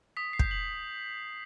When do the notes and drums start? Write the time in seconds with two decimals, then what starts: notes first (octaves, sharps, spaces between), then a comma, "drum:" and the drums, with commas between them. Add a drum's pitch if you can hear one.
0.17 D#6 B6
0.33 C7
0.39 G6, drum: kick
0.51 F#7